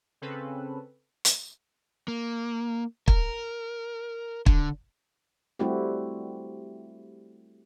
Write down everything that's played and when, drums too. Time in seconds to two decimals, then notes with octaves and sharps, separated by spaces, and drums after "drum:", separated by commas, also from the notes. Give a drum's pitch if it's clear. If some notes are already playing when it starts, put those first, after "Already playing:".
0.21 C#3 C4 C#4 A4 B4
1.25 drum: hi-hat
2.08 A#3
3.08 A#4, drum: kick
4.46 D3, drum: kick
5.59 G3 A3 C4 E4 F#4 G4